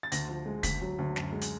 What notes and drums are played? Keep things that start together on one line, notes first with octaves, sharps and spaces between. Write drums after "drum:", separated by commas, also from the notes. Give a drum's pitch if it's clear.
A6
D2 A#6, drum: hi-hat
F3
G#3
D2 B6, drum: kick, hi-hat
F#3
D2
F#2, drum: snare
G#3
drum: hi-hat